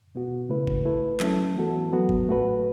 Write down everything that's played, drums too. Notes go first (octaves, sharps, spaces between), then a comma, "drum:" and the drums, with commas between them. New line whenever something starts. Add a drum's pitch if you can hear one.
B2 B3 F#4
C#3 A3 E4 B4
drum: kick
A3 E4 B4
F#3 A3 C#4 E4 A4, drum: clap
E3 B3 F#4 A4
F#3 B3 F#4
drum: kick
A2 A3 F#4 B4